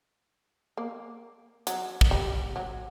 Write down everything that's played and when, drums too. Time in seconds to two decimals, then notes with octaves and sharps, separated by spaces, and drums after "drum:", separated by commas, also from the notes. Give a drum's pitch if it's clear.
0.77 A#3
1.67 F#3, drum: hi-hat
2.01 drum: kick
2.11 G3
2.56 F#3